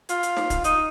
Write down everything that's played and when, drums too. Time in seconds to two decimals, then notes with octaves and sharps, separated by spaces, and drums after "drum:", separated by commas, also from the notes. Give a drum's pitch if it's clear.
0.09 F4, drum: hi-hat
0.23 drum: hi-hat
0.37 drum: snare
0.50 drum: kick C#1, hi-hat
0.64 D#4, drum: hi-hat